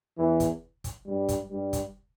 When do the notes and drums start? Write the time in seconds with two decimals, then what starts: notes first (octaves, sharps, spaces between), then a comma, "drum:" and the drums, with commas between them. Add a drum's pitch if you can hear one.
0.18 E2 E3
0.40 drum: kick, hi-hat
0.84 drum: kick, hi-hat
1.07 G2 G3
1.28 drum: kick, hi-hat
1.50 G2 G3
1.73 drum: kick, hi-hat